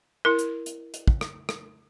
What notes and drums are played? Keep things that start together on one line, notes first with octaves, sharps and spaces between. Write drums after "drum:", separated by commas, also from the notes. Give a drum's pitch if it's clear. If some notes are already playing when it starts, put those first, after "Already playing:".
E4 A#4
drum: hi-hat
drum: hi-hat
drum: hi-hat
drum: kick
drum: rim click
drum: rim click